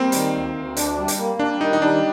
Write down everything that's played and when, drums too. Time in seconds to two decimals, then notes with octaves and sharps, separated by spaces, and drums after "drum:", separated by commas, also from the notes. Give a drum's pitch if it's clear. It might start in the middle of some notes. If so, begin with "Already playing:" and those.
Already playing: G3 A#3 C4
0.12 D#3, drum: hi-hat
0.34 D2
0.55 D2
0.77 D4, drum: hi-hat
0.98 G3
1.08 drum: hi-hat
1.19 A#3
1.39 G3 D4
1.61 D#3 D#4
1.73 D#4
1.82 G3 D4